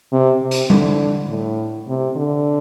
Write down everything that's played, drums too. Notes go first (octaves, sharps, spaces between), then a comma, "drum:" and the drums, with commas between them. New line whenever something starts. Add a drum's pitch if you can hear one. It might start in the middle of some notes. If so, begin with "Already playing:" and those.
C3
C3
drum: hi-hat
D3, drum: tom G3
A2
C3
D3